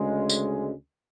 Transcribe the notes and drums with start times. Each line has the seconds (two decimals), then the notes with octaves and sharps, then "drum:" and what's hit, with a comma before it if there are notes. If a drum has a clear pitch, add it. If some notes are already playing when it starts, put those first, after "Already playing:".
Already playing: D2 C#3 G#3
0.29 drum: tambourine